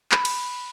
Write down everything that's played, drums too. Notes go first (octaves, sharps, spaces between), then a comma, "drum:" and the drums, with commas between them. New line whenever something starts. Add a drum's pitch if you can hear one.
B5, drum: clap
drum: cymbal